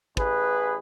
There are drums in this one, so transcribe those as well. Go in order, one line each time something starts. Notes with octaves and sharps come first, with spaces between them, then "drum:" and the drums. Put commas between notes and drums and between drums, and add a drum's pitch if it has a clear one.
A1 G#4 B4, drum: kick